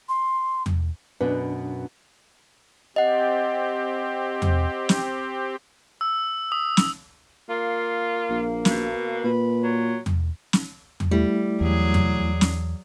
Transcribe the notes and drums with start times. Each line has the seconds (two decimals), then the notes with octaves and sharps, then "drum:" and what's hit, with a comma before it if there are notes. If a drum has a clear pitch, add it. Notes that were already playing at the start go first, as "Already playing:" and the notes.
0.09 C6
0.66 drum: tom E2
1.21 F#2 B2 B3 D4
2.96 C4 G4 D#5 F#5
4.42 drum: tom E2
4.89 drum: snare
6.01 E6
6.52 D#6
6.77 drum: snare
7.49 A#3 F4
8.30 A#1
8.65 B2, drum: snare
9.24 A#2 B4
9.63 F#3
10.06 drum: tom E2
10.53 drum: snare
11.00 drum: tom E2
11.11 G3 A3 E4
11.61 E2 F#3 G#4
11.94 drum: tom E2
12.41 drum: snare